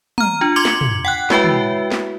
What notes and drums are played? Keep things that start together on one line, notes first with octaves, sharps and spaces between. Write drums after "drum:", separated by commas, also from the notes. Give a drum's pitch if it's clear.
A#5 F6, drum: tom
D4 F4
C6 D6 G#6 C#7 F#7
drum: snare
drum: tom
F#5 G5 F#6
G#3 E4 F#4 B4 E5 G5, drum: snare
drum: tom
drum: snare